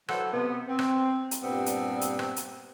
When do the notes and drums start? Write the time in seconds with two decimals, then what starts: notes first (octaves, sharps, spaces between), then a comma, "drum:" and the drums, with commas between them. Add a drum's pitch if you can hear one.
0.08 E3 F#3 A4 C5 F#5, drum: rim click
0.33 C3 B3
0.68 C4
0.79 drum: rim click
1.31 drum: hi-hat
1.43 G2 A#2 G3 B3 C4
1.66 drum: hi-hat
2.01 drum: hi-hat
2.19 drum: rim click
2.36 drum: hi-hat